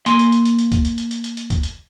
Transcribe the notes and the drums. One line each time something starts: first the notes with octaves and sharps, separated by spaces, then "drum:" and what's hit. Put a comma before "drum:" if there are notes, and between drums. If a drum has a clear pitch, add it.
A#3 G#5 C6, drum: hi-hat
drum: hi-hat
drum: hi-hat
drum: hi-hat
drum: hi-hat
drum: kick C#2, hi-hat
drum: hi-hat
drum: hi-hat
drum: hi-hat
drum: hi-hat
drum: hi-hat
drum: kick C#2, hi-hat
drum: hi-hat